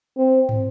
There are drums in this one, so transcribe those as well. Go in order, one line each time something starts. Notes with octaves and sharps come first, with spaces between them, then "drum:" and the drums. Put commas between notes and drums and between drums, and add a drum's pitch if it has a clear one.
C4
drum: tom